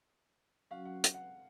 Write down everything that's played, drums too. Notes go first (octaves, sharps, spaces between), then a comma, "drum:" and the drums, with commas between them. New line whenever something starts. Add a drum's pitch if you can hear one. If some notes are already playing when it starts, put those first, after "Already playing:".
F#3 C#4 F#4 F5
F#5
drum: hi-hat
F#5